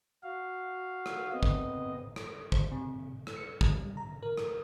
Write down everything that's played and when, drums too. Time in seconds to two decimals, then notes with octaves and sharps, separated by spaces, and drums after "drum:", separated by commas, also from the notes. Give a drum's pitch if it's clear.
0.23 F#4 F5
1.06 drum: rim click
1.32 B3 C4 D#5
1.43 drum: kick
2.16 drum: rim click
2.52 C5, drum: kick
2.72 C3
3.27 drum: rim click
3.37 C#7
3.61 G3, drum: kick
3.97 A#5
4.23 A#4
4.37 drum: rim click